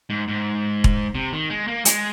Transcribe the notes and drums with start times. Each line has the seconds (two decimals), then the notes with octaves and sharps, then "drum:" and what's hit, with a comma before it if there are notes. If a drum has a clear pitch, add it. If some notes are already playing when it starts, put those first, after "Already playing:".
0.10 G#2
0.28 G#2
0.84 drum: kick E1
1.15 C3
1.32 D#3
1.50 G#3
1.68 A#3
1.85 G#3, drum: hi-hat